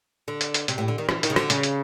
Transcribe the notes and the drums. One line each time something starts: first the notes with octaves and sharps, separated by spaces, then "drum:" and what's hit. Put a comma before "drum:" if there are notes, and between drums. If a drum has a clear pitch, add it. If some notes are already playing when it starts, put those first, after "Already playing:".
D3
drum: hi-hat
drum: hi-hat
C3, drum: hi-hat
A2
D3
D#3
E3, drum: rim click
D#3, drum: hi-hat
C#3
D3, drum: rim click
C#3, drum: hi-hat
drum: hi-hat